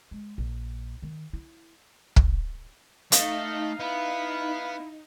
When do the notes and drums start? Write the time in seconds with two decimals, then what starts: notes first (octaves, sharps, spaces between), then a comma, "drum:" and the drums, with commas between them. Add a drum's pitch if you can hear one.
0.11 G#3
0.38 A#1
1.02 D#3
1.33 E4
2.16 drum: kick
3.12 A3 D#4 D#5 F5, drum: hi-hat
3.80 B3 E4